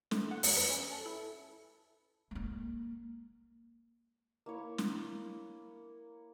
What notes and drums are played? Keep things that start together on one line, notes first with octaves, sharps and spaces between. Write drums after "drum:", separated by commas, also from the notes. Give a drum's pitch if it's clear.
A3, drum: snare
F#5
E2, drum: open hi-hat
B4
C#4
A4
E4
G#3 A#3
A#3 E4 C#5
drum: snare